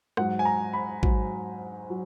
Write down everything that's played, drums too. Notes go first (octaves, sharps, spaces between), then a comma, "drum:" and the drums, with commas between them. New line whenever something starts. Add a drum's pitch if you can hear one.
G#2 F#3 F#5, drum: rim click
G#5
A#5
B5
G#2 F#3, drum: kick
F#3